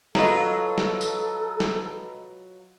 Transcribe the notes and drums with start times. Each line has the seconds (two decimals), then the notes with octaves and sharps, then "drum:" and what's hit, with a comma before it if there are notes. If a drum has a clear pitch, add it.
0.15 F#3 F4 A4 B4 D#5 A#5, drum: snare
0.78 drum: snare
1.01 drum: tambourine
1.60 drum: snare